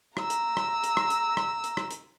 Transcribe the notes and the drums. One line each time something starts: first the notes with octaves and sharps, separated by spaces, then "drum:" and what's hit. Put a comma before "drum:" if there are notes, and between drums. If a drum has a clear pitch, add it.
A#5 E6, drum: rim click
drum: hi-hat
drum: rim click
drum: hi-hat
drum: rim click
drum: hi-hat
drum: rim click
drum: hi-hat
drum: rim click
drum: hi-hat